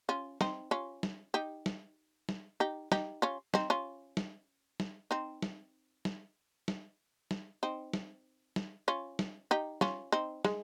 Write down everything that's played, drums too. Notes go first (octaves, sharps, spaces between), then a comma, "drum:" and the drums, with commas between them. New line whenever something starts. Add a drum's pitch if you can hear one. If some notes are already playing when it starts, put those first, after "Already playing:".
C#4 F4
C4 D#4, drum: snare
C#4 F4
drum: snare
D#4 G4
drum: snare
drum: snare
D#4 G4
D#4 G4, drum: snare
C#4 F4
C4 D#4, drum: snare
C#4 F4
drum: snare
drum: snare
C4 D#4
drum: snare
drum: snare
drum: snare
drum: snare
C4 D#4
drum: snare
drum: snare
C#4 F4
drum: snare
D#4 G4
C#4 F4, drum: snare
C4 D#4
G#3, drum: snare